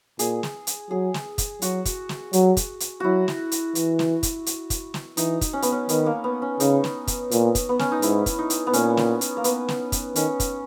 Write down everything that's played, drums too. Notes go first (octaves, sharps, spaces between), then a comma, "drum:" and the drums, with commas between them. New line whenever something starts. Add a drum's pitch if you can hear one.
A#2 G#4, drum: hi-hat
drum: snare
drum: hi-hat
F#3 G#4
drum: snare
drum: kick, hi-hat
F#3 F#4, drum: hi-hat
drum: kick, hi-hat
drum: snare
F#3, drum: hi-hat
drum: kick, hi-hat
drum: hi-hat
F#3 E4 F#4
drum: snare
drum: hi-hat
E3, drum: hi-hat
drum: snare
drum: kick, hi-hat
drum: hi-hat
drum: kick, hi-hat
drum: snare
E3 D#4, drum: hi-hat
drum: kick, hi-hat
C#4
B3, drum: hi-hat
C#4
D#3 B3, drum: hi-hat
A#3
B3
C#4
C#3 D#4, drum: hi-hat
drum: snare
drum: kick, hi-hat
A#2, drum: hi-hat
drum: kick, hi-hat
B3
C#4, drum: snare
D#4
G#2 E4, drum: hi-hat
drum: kick, hi-hat
D#4
drum: hi-hat
B3
A#2 C#4, drum: hi-hat
drum: snare
drum: hi-hat
A#3
B3, drum: hi-hat
drum: snare
drum: kick, hi-hat
D#3 C#4, drum: hi-hat
drum: kick, hi-hat